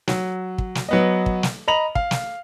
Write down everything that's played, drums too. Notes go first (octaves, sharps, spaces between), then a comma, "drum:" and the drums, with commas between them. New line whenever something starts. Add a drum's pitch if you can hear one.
F#3, drum: snare
drum: kick
drum: snare
F#3 B3 D#5
drum: kick
drum: snare
D#5 A#5 B5 F7 F#7
F5, drum: kick
drum: snare